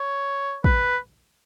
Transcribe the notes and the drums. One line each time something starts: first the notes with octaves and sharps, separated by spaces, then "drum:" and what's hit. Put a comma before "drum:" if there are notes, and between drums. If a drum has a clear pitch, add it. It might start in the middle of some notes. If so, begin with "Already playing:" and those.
Already playing: C#5
B4, drum: kick